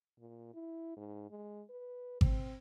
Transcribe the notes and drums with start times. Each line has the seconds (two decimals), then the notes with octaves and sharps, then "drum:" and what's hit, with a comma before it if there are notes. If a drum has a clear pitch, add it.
0.19 A#2
0.54 E4
0.97 G#2
1.30 G#3
1.70 B4
2.21 C4, drum: kick G#1